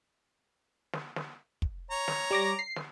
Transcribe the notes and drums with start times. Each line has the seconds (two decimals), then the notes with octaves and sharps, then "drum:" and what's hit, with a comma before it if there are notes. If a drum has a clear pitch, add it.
0.93 drum: snare
1.16 drum: snare
1.62 drum: kick
1.91 C#5 A#5
2.08 drum: snare
2.31 G3 D6 A#6
2.59 C7
2.76 drum: snare